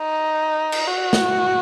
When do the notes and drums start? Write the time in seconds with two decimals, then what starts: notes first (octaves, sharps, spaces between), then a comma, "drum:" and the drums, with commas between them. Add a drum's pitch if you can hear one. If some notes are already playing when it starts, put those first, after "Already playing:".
Already playing: D#4
0.72 drum: cymbal
0.88 F#4
1.13 drum: snare